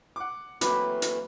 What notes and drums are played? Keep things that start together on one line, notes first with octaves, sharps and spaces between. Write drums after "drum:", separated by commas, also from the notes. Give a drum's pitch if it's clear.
F#5 D6
E3 F#3 A3 A#3 C4 B4 D6, drum: hi-hat
drum: hi-hat